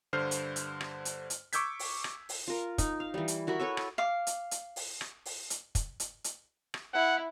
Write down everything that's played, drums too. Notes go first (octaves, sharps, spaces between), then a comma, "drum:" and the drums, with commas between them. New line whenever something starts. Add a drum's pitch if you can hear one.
G2 D3 C5 F6 C7
drum: hi-hat
drum: hi-hat
drum: rim click
drum: hi-hat
drum: hi-hat
C#6 D6 E6 G6 G#6 B6, drum: hi-hat
drum: open hi-hat
drum: rim click
drum: open hi-hat
F4 A#4
D#4, drum: kick, hi-hat
F5
E3 G3
drum: hi-hat
E4 F#4 A#4 B5
A4 B4 C#5 E5
drum: rim click
F5 D6
drum: hi-hat
drum: hi-hat
drum: open hi-hat
drum: rim click
drum: open hi-hat
drum: hi-hat
drum: kick, hi-hat
drum: hi-hat
drum: hi-hat
drum: rim click
E4 F#5